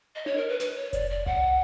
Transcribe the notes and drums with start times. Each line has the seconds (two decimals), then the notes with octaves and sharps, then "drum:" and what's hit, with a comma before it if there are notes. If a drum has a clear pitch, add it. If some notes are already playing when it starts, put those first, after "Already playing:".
0.15 D#5
0.26 C#5, drum: tom D4
0.37 A#4
0.48 B4
0.60 B4, drum: snare
0.76 C#5
0.93 D5, drum: kick F1, hi-hat
1.10 D5
1.26 F#5, drum: tom C2